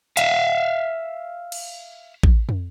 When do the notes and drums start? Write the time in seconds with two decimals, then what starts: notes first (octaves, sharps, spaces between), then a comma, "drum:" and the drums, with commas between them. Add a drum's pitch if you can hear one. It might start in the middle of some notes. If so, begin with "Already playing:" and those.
0.17 E5 F5, drum: hi-hat
1.52 drum: cymbal
2.23 drum: kick A1
2.49 drum: tom